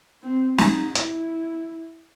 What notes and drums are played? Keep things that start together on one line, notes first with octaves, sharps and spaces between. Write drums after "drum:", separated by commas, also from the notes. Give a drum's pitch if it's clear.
C4
D#4, drum: snare
E4, drum: hi-hat